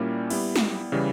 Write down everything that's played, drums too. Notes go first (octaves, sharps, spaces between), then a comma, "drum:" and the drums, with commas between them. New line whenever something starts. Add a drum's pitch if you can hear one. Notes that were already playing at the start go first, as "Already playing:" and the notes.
Already playing: A#2 G3 A#3 C#4 E4
G3 B3 E4, drum: cymbal
drum: snare
C#3 E3 G3